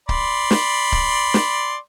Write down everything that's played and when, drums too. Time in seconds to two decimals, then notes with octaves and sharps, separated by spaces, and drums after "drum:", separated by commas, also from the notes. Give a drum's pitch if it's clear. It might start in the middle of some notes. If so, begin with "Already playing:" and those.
0.09 D5 B5 C6, drum: kick C#1
0.51 drum: snare
0.92 drum: kick C#1
1.34 drum: snare